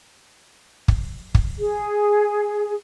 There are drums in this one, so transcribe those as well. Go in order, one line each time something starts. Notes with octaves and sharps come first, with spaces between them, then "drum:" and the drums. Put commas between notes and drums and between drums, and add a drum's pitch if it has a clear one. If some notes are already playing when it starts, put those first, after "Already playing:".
drum: kick
drum: kick
G#4